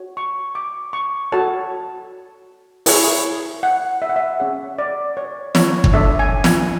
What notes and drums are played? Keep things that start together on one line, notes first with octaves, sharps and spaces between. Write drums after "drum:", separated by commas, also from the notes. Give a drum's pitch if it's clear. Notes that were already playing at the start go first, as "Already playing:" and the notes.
Already playing: F#4 C#5
C#6
D6
C#6
F#4 A4 C#5 A5
E4 G#4 C#5, drum: open hi-hat
F#5
E5
F#5
E5
C#4 G#4 C#5 F#5
D5
C#5
C#5, drum: snare
drum: kick
D4 A4 C#5 E5
G#5
G#5, drum: snare